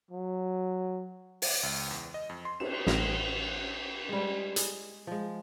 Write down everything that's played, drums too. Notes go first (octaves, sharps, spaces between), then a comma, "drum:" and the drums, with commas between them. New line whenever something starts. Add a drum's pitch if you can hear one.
F#3
drum: open hi-hat
C#2
E2
D#5
F2
C6
E7, drum: cymbal
A1 A#6, drum: snare
G3 G#3
G#4, drum: hi-hat
F3 G#3